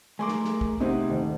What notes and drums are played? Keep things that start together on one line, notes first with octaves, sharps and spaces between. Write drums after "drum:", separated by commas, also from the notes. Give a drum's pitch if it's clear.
A3 G#4 A#4 G#5 C6 D6
drum: snare
drum: snare
drum: kick
A2 C3 D#4 C5 F#5
D#1